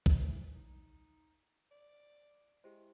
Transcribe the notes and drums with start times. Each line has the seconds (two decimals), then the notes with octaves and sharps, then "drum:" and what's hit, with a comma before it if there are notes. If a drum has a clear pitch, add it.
0.06 E4, drum: kick B1
0.55 D#4
1.71 D5
2.64 G#3 E4 G4 C5